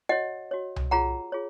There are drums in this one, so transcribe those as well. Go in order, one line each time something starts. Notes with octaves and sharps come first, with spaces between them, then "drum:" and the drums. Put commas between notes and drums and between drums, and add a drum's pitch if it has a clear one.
F#4 C#5 D#5 F#5
F#4 C#5
drum: tom C2
F4 G#4 C#5 F#5 A#5
F4 G#4 C#5